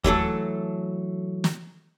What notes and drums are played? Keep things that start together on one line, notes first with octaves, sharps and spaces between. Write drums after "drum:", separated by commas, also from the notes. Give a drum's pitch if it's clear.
E3 F#3 A3 A4, drum: kick
drum: snare